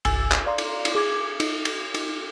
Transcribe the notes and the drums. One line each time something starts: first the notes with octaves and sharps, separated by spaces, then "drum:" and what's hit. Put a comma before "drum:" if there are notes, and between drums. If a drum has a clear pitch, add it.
G1 C2 G#5 E6 A6, drum: cymbal
drum: clap
D5 F5 A#5 C6
drum: cymbal
drum: cymbal
G#4 D6 G#6
D#4, drum: cymbal
drum: cymbal
D#4, drum: cymbal